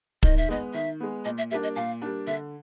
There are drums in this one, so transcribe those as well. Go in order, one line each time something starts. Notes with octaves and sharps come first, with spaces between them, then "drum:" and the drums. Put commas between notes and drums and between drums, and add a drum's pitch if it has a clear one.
D#3 D#5, drum: kick
E5
G#3 B3 D#5
D#3 E5
G#3 B3
A#2 D#5
E5
G3 A#3 D4 E5
D#5
A#2 F5
G3 A#3 D4
D3 E5